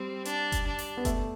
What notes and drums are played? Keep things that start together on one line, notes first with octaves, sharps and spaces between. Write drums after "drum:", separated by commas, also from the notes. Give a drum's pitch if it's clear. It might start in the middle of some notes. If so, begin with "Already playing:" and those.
Already playing: G3 C4
D4, drum: hi-hat
drum: kick F#1, hi-hat
D4
drum: open hi-hat
B3
A3, drum: kick F#1, hi-hat